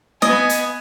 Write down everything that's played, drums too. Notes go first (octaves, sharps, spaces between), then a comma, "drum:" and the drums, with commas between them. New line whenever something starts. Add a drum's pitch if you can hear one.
B3 D#5 G#5, drum: snare
drum: hi-hat